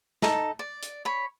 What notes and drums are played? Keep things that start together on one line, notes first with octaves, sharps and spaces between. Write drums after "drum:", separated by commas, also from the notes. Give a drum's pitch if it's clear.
D#4 A4, drum: snare
D5
drum: hi-hat
C#5 B5